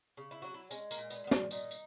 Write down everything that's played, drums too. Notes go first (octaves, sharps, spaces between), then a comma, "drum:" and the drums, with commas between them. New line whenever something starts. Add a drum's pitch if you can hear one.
C#3
E4
F#3 F#4
E4
G#3 C#4, drum: tambourine
A#3, drum: tambourine
A#2
B3, drum: tambourine
A#2 B3
C#4, drum: snare
A#2 D#4, drum: tambourine
drum: tambourine